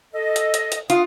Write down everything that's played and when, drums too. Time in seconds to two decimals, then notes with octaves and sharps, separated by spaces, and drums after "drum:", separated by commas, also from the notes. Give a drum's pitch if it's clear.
0.14 A4 D#5
0.36 drum: hi-hat
0.54 drum: hi-hat
0.72 drum: hi-hat
0.90 F4 F5 F#5 D#6, drum: hi-hat